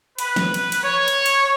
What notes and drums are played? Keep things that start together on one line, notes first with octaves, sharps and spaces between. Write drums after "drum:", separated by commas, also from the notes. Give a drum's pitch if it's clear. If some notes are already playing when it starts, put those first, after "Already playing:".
B4, drum: cymbal
drum: snare
drum: cymbal
drum: cymbal
C#5
drum: cymbal
drum: cymbal